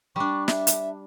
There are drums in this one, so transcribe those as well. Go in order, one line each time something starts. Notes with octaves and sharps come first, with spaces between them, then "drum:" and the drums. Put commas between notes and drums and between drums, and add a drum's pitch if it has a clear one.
G3 D4 C#6
E5, drum: snare
drum: hi-hat